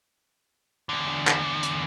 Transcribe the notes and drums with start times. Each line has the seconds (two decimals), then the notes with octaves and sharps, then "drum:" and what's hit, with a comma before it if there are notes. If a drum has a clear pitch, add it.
0.89 E2 D3
1.27 drum: clap
1.63 drum: hi-hat